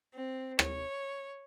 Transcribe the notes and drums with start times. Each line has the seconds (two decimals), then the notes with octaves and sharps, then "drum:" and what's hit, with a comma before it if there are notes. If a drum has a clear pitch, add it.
0.13 C4
0.59 C#5, drum: rim click